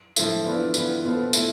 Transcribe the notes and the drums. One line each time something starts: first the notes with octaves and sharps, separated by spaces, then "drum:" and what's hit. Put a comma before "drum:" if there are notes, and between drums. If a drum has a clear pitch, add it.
A2 F3 A3 E4, drum: tambourine
E3 B3 D4 F4 A4
E3 B3 F4 B4, drum: tambourine
B2 B3 F4 A4 C5
B2 A3 E4, drum: tambourine